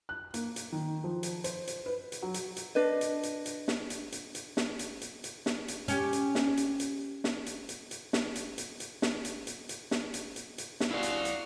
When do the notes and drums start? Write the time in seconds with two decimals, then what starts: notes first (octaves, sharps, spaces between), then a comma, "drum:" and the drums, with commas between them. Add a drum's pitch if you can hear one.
0.09 F#6
0.34 A#3, drum: hi-hat
0.56 drum: hi-hat
0.72 D#3
1.04 F3
1.23 drum: hi-hat
1.44 C5, drum: hi-hat
1.67 drum: hi-hat
1.86 B4
2.12 drum: hi-hat
2.22 F#3
2.34 drum: hi-hat
2.56 drum: hi-hat
2.75 D4 B4 D#5
3.01 drum: hi-hat
3.23 drum: hi-hat
3.46 drum: hi-hat
3.68 drum: snare
3.90 drum: hi-hat
4.12 drum: hi-hat
4.35 drum: hi-hat
4.57 drum: snare
4.79 drum: hi-hat
5.01 drum: hi-hat
5.24 drum: hi-hat
5.46 drum: snare
5.68 drum: hi-hat
5.88 C#4 G4, drum: hi-hat
6.13 drum: hi-hat
6.35 drum: snare
6.57 drum: hi-hat
6.80 drum: hi-hat
7.24 drum: snare
7.46 drum: hi-hat
7.69 drum: hi-hat
7.91 drum: hi-hat
8.13 drum: snare
8.35 drum: hi-hat
8.58 drum: hi-hat
8.80 drum: hi-hat
9.02 drum: snare
9.25 drum: hi-hat
9.47 drum: hi-hat
9.69 drum: hi-hat
9.91 drum: snare
10.14 drum: hi-hat
10.36 drum: hi-hat
10.58 drum: hi-hat
10.80 drum: snare
10.91 E4 F#4 D5 F5
11.03 drum: hi-hat
11.25 drum: hi-hat